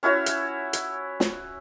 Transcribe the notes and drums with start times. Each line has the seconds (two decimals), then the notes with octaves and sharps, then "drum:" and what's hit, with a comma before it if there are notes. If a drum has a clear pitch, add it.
0.03 C#4 E4 F#4 C#5
0.26 drum: hi-hat
0.73 drum: hi-hat
1.20 drum: snare